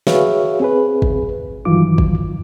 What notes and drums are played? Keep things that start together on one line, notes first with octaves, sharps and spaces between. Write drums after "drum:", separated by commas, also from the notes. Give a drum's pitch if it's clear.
F#4 G#4 B4 C#5 E5 F5, drum: snare
C4 G#4 B4
drum: kick
G2 D#3 E3 F#3 F4 D6
drum: kick